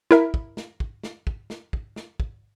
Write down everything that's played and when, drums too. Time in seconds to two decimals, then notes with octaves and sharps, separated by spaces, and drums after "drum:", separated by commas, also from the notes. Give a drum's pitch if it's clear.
0.11 E4 A#4 E5, drum: snare
0.34 drum: kick
0.57 drum: snare
0.80 drum: kick
1.03 drum: snare
1.27 drum: kick
1.50 drum: snare
1.73 drum: kick
1.96 drum: snare
2.20 drum: kick